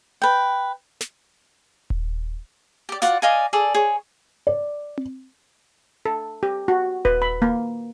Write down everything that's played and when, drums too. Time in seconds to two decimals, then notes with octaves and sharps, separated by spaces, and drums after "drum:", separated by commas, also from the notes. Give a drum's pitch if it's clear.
0.22 B4 G5
1.01 drum: snare
1.90 drum: kick D#1
2.89 G4 D5
3.02 F4 F#4 D5 F#5, drum: hi-hat
3.22 D5 D#5 F5 G#5
3.53 G#4 A4 D5
3.75 G#4 C#5
4.47 D5
4.98 drum: tom C4
6.06 A4
6.43 G4
6.68 F#4
7.05 B4, drum: kick D#1
7.22 B5
7.42 A#3